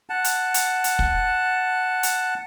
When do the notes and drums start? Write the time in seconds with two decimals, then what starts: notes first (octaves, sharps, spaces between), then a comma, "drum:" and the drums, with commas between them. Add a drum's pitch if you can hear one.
0.10 F#5 A5
0.24 drum: hi-hat
0.54 drum: hi-hat
0.84 drum: hi-hat
0.99 drum: kick
2.03 drum: hi-hat